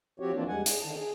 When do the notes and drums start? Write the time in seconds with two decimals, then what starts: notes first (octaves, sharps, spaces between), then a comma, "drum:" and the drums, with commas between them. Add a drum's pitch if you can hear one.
0.20 F3 C4 F#4 G4 C#5
0.34 E3 F3 A#3 C4 D4 F4
0.48 E2 G3 G#3 F#5 G#5
0.66 G#4, drum: hi-hat
0.81 D3 D#3 A5
0.95 G#4